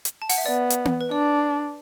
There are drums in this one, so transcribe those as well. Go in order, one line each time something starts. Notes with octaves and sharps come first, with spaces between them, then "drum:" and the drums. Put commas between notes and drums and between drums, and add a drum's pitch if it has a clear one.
drum: hi-hat
A5
F#5, drum: open hi-hat
E5
B3 D5
drum: hi-hat
drum: tom B3
B4
D4 D5